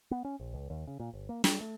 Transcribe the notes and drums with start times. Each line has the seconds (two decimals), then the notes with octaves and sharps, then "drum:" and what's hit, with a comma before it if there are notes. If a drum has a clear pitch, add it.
0.11 B3
0.25 C#4
0.40 A#1
0.54 C#2
0.70 D#2
0.87 C#3
1.00 A#2
1.14 G1
1.29 A#3
1.44 G3, drum: snare
1.61 A3